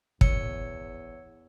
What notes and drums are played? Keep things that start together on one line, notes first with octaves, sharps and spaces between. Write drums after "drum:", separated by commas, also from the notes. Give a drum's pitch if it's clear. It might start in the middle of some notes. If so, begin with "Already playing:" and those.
E2 C#5 E6 C#7, drum: kick